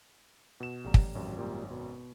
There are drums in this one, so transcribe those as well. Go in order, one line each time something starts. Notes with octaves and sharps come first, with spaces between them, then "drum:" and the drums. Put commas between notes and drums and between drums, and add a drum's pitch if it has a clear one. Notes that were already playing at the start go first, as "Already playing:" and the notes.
B2 E7
A1 G3 A#5
drum: kick
G#1 F#2
A#2 G3
B2